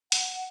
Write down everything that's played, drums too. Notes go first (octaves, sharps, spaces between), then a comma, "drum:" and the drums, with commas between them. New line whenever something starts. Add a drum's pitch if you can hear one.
F#5, drum: hi-hat